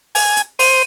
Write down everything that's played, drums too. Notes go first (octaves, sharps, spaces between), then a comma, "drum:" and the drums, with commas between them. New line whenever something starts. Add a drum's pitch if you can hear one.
G#5, drum: open hi-hat
drum: hi-hat
C5 D#7, drum: open hi-hat